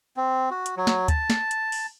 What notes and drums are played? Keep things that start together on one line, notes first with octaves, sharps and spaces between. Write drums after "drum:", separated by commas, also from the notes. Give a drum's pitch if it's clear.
C4
F#4
drum: hi-hat
F#3
drum: snare
A5, drum: kick D2, hi-hat
drum: snare
drum: hi-hat
drum: open hi-hat